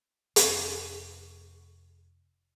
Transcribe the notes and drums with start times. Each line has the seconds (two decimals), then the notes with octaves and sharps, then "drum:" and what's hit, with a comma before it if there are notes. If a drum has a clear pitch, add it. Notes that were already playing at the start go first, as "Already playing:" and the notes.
0.36 F1 C3 C4, drum: hi-hat